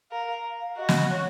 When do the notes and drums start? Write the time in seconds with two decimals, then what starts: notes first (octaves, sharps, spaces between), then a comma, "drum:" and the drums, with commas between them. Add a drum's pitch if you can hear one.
0.11 A#4 F5
0.28 F5
0.61 F5
0.77 F#4 D#5
0.89 drum: snare
1.10 C#5